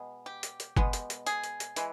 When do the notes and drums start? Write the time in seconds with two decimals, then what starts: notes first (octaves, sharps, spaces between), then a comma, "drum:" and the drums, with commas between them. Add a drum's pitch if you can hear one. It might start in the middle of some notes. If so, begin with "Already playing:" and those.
Already playing: B2 G#3 B3
0.26 G4
0.43 drum: hi-hat
0.60 drum: hi-hat
0.77 B2 G#3 B3, drum: kick G1
0.93 drum: hi-hat
1.10 drum: hi-hat
1.27 G#4, drum: hi-hat
1.44 drum: hi-hat
1.60 drum: hi-hat
1.76 E3 G#3, drum: hi-hat